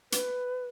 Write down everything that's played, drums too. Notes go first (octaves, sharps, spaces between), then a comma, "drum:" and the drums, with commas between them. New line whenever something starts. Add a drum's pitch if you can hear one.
B4, drum: hi-hat